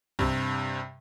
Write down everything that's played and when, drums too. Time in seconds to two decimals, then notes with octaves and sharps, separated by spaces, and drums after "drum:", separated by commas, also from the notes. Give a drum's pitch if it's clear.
0.19 G2 C3, drum: kick